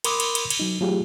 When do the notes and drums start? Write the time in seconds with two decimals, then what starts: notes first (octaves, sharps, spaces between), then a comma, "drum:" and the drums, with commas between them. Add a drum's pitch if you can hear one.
0.04 A#4 B5 C6 D6 D#6, drum: cymbal
0.20 drum: cymbal
0.35 drum: cymbal
0.50 drum: cymbal
0.60 F#3 D#4
0.81 F#3 A3 F4 G4 G#4